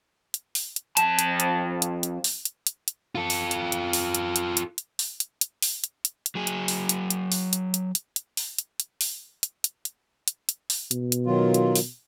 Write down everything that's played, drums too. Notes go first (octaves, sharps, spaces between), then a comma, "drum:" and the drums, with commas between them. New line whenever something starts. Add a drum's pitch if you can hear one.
drum: hi-hat
drum: open hi-hat
drum: hi-hat
F2 A5, drum: hi-hat
drum: hi-hat
drum: hi-hat
drum: hi-hat
drum: hi-hat
drum: open hi-hat
drum: hi-hat
drum: hi-hat
drum: hi-hat
F4 A4
drum: open hi-hat
drum: hi-hat
drum: hi-hat
drum: open hi-hat
drum: hi-hat
drum: hi-hat
drum: hi-hat
drum: hi-hat
drum: open hi-hat
drum: hi-hat
drum: hi-hat
drum: open hi-hat
drum: hi-hat
drum: hi-hat
drum: hi-hat
F#3 G#4
drum: hi-hat
drum: open hi-hat
drum: hi-hat
drum: hi-hat
drum: open hi-hat
drum: hi-hat
drum: hi-hat
drum: hi-hat
drum: hi-hat
drum: open hi-hat
drum: hi-hat
drum: hi-hat
drum: open hi-hat
drum: hi-hat
drum: hi-hat
drum: hi-hat
drum: hi-hat
drum: hi-hat
drum: open hi-hat
B2, drum: hi-hat
drum: hi-hat
D#3 F#3 F4
drum: hi-hat
drum: open hi-hat